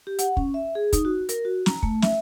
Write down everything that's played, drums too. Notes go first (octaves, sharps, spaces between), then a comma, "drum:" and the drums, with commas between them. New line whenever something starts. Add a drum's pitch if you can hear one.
G4
F#5, drum: hi-hat
C#4, drum: kick
E5
G#4
D#4, drum: kick, hi-hat
F#4
A#4, drum: hi-hat
F#4
A#5, drum: snare
A3, drum: kick
E5, drum: snare